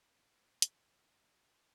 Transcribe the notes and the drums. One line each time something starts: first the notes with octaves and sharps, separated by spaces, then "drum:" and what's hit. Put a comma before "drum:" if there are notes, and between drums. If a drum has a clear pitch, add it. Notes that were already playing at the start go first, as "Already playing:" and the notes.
Already playing: D5
A3 C4
C4 E4
A#3 D4
A#3 D4, drum: hi-hat